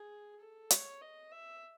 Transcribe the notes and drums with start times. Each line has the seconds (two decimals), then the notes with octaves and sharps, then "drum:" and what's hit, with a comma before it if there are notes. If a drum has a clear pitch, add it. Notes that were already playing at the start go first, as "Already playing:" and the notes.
Already playing: G#4
0.40 A4
0.70 C#5, drum: hi-hat
1.01 D#5
1.32 E5